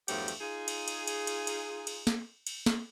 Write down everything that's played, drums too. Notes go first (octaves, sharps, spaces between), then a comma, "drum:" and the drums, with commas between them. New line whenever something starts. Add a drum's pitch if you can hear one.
E2 G2 F3 F#3 A3 G4, drum: cymbal
drum: cymbal
D#4 F4 G#4
drum: cymbal
drum: cymbal
drum: cymbal
drum: cymbal
drum: cymbal
drum: cymbal
drum: snare
drum: cymbal
drum: snare